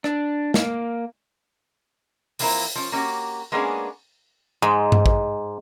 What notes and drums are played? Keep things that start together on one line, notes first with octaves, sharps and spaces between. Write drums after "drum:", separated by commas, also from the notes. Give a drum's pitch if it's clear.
D4, drum: rim click
A#3, drum: snare
E3 F3 A#3 C4 E4 A#4, drum: open hi-hat
F3 C#4
A#3 C#4 F#4 G4
G#3 A#3 B3 C#4 D4 G#4
G#2 G#3
drum: tom G2
drum: kick